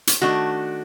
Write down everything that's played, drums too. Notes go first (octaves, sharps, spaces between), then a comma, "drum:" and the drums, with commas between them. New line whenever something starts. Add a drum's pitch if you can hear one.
drum: hi-hat
D#3 A3 D4 F#4